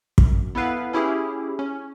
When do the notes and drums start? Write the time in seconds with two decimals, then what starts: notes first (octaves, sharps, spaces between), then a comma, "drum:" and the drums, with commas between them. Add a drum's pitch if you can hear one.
0.18 F#2, drum: kick
0.55 B3 E4 A4 B4 F5
0.93 C#4 E4 G4 G#4
1.59 C#4